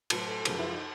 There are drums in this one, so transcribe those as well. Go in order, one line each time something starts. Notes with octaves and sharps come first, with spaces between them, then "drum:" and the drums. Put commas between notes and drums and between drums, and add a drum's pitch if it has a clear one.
A2 F#3 B4, drum: cymbal
A4
F#2 C#3 F3 G#3 A#4, drum: cymbal
B4
E4
F4
D#4